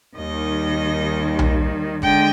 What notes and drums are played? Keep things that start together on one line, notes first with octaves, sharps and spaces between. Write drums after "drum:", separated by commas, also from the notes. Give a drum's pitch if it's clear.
D#2 D#3 G3 D#5
drum: tom B1
D3 G#3 G5, drum: kick G1